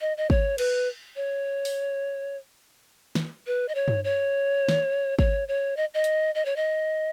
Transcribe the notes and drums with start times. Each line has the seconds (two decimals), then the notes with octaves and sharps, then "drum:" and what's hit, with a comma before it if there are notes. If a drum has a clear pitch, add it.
0.01 D#5
0.17 D#5
0.30 C#5, drum: kick
0.58 B4, drum: cymbal
1.16 C#5
1.65 drum: open hi-hat
3.15 drum: snare
3.47 B4
3.68 D#5
3.75 C#5
3.88 drum: tom G2
4.04 C#5
4.69 drum: snare
5.19 C#5, drum: kick
5.48 C#5
5.77 D#5
5.94 D#5
6.04 drum: hi-hat
6.35 D#5
6.45 C#5
6.56 D#5